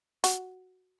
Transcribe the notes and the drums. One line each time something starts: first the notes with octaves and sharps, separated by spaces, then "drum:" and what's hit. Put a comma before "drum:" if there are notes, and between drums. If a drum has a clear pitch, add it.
F#4, drum: hi-hat